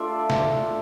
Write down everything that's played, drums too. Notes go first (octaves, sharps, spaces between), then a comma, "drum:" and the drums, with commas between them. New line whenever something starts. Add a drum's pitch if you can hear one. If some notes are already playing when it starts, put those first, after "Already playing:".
Already playing: A3 D4 F4 D5 E5
drum: snare